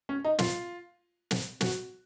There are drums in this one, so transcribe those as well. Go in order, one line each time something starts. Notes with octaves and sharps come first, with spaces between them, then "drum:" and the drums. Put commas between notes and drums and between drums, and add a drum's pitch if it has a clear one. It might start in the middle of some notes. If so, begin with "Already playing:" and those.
C#4
D#4
F4, drum: snare
drum: snare
F#4, drum: snare